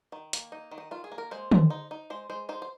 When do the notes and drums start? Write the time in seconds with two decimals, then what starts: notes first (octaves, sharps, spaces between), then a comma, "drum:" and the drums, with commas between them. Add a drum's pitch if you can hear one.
0.12 D#3
0.33 A#3, drum: hi-hat
0.52 D#4
0.71 D#3
0.78 D#4
0.91 D#3 F4
1.04 G#4
1.12 A#3
1.18 A#4
1.31 G#3 C5
1.51 G#3, drum: tom
1.70 D#4
1.91 D#4
2.10 G#3 C5
2.30 G#3 C5
2.49 D#4 C5
2.62 C5